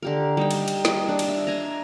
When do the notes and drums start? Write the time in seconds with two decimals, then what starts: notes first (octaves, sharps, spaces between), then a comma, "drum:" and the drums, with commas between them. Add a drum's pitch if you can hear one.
0.02 D3 G4 A#4
0.37 G3 D#4 G5
0.51 drum: cymbal
0.68 drum: cymbal
0.85 D#5, drum: snare
1.09 D4
1.19 drum: cymbal
1.28 E5
1.47 G#5 A#5